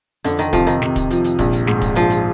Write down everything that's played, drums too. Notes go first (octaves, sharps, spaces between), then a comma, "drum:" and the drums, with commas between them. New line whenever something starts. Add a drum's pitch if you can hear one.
F2 D3, drum: hi-hat
D#3, drum: hi-hat
C3 F3, drum: kick, hi-hat
D#3, drum: hi-hat
C3, drum: snare
drum: kick, hi-hat
F3, drum: hi-hat
drum: hi-hat
A#1, drum: kick, hi-hat
drum: hi-hat
G#2, drum: snare
drum: kick, hi-hat
A#1 F3, drum: hi-hat
drum: hi-hat